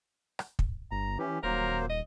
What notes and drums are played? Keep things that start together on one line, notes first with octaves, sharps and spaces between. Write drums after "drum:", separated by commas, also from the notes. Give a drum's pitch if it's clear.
drum: rim click
drum: kick
G1 A#5
E3 C#4 G4
D#1 F#3 A#3 A#4 C5
D#5